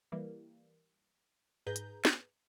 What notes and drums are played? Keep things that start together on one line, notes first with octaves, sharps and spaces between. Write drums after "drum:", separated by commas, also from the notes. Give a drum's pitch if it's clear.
E3 G3 A#3
G#2 G#4 B4 A#5 G6
drum: hi-hat
drum: snare